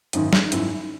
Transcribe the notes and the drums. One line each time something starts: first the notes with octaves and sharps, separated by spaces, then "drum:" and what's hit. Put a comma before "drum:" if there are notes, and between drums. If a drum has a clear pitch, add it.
G#1 F#2 D#3 D#4, drum: hi-hat
drum: snare
G#1 F#2 D#3 E4, drum: hi-hat